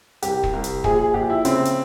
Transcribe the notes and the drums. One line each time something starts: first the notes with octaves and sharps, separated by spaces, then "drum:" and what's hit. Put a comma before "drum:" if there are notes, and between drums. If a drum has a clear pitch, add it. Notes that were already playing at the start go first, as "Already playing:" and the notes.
C2 G4, drum: hi-hat
drum: kick
C2
drum: hi-hat
A#1 G#4, drum: kick
G#4
A#1 G4
E4
C#3 C4, drum: hi-hat
drum: hi-hat